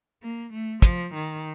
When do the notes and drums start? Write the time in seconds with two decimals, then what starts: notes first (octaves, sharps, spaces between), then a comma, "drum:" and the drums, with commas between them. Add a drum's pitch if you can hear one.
0.22 A#3
0.53 A3
0.82 F3, drum: kick, hi-hat
1.14 D#3